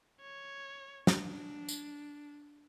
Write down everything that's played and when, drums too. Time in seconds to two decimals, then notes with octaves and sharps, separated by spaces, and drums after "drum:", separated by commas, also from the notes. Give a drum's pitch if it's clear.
0.21 C#5
1.07 D4, drum: snare
1.69 drum: tambourine